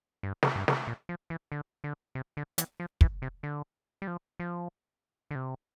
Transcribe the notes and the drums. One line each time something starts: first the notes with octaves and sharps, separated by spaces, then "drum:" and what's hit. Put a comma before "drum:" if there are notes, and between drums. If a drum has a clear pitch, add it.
G2
drum: snare
G2
drum: snare
A#2
F3
E3
D3
D3
C3
D3
E3, drum: hi-hat
F3
E3, drum: kick
C3
D3
G3
F3
F3
D3
C3